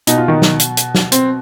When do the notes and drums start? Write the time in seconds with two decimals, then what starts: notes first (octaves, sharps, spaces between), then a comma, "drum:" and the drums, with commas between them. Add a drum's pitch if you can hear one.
0.07 B2 D#4, drum: hi-hat
0.18 F4
0.28 D#3 D#4
0.42 drum: snare
0.60 drum: hi-hat
0.77 drum: hi-hat
0.95 drum: snare
1.12 C4, drum: hi-hat